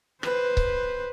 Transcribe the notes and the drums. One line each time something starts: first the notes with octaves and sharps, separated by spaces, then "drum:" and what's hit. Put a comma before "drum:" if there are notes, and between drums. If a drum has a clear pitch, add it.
B4 C5, drum: rim click
drum: kick C#1